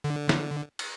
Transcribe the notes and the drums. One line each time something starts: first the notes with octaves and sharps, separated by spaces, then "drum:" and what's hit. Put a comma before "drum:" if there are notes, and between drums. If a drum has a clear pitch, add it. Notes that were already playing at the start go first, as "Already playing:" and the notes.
D3
drum: snare
drum: cymbal